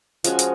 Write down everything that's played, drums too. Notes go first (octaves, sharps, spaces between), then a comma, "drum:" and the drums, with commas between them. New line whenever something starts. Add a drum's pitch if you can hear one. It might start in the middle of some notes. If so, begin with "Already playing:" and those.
F3 G#3 C#4 F#4, drum: hi-hat
drum: hi-hat